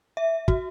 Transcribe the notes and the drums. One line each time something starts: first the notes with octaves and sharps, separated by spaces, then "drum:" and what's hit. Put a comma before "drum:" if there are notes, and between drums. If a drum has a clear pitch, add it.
E5
F#4, drum: kick